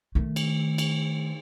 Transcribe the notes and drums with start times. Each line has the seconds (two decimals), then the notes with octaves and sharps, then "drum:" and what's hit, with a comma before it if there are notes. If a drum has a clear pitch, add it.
0.15 D#3 A3
0.36 drum: cymbal
0.78 drum: cymbal